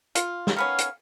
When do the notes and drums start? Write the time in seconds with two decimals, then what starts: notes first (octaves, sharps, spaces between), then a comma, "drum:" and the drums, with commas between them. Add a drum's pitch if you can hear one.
0.15 F4, drum: hi-hat
0.47 drum: snare
0.57 D#3 B3 C#4 F5
0.78 drum: hi-hat